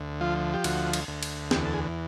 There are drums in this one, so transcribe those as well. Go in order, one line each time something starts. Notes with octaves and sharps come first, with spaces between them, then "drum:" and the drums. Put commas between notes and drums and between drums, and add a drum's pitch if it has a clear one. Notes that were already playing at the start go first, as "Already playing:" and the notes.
Already playing: D2
F3 F4
G4
D2 F#4, drum: cymbal
drum: cymbal
D2
drum: cymbal
E2 G4, drum: snare
A4
G#4